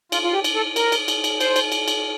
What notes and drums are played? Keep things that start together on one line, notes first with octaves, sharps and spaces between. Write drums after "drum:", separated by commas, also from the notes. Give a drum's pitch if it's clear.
F4, drum: cymbal
F4
G4
drum: cymbal
A4
A#4, drum: cymbal
drum: cymbal
drum: cymbal
drum: cymbal
C5, drum: cymbal
drum: cymbal
drum: cymbal
drum: cymbal